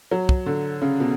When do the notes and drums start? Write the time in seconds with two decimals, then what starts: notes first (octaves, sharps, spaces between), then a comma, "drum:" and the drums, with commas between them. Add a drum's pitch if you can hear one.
0.11 F#3
0.29 drum: kick
0.46 D3
0.82 C#3
1.00 B2